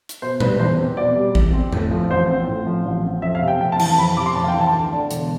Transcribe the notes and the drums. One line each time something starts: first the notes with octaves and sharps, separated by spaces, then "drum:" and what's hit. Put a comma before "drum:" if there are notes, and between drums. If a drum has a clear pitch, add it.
drum: hi-hat
B2 C5
G3 B4, drum: tom A#2
E2 C5
C4
B2 D5
G3
E2, drum: kick A1
C4
A2, drum: tom F2
F3
A1 C5
C4
A2
F3
A1
C4
F2 E5
F5
C3
G5
F1 G5
A5
E3, drum: cymbal
A5
F2 B5
C3 D6
C6
F1 A5
F5
G5
E3
A5
D2
D3
E1, drum: hi-hat